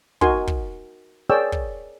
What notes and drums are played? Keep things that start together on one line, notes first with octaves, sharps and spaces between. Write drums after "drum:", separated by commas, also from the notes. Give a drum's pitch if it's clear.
D#4 F#4 A#4 G#5 C6, drum: kick
drum: kick
G#4 A#4 C#5 D5 G5 E6
drum: kick